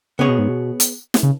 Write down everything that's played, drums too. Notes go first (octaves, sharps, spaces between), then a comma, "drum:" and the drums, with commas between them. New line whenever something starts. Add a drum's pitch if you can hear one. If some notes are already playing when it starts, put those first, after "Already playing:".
C#3 B3 G#4 C#5
B2
G#2
B2
drum: hi-hat
drum: snare
C#3